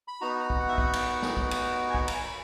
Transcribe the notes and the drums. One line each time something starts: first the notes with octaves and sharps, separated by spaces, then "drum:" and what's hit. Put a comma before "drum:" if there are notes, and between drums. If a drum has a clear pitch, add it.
B5
B3 D#4 F#4 A#5
A#5
drum: kick B1
F#5
E5
F#5, drum: kick B1
drum: cymbal
drum: snare
drum: kick B1
drum: cymbal
G#5
F#5, drum: kick B1
A#5, drum: cymbal
G#5
B5